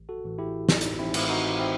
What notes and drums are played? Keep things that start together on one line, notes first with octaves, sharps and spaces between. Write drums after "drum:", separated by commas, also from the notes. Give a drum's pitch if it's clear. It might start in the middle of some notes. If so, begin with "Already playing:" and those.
Already playing: A1
F#4 A4
A2 E3
E4 G4
A1 D#4, drum: snare
drum: hi-hat
C4 E4
A2 E3 E4, drum: cymbal
D#4 F#4
C4 E4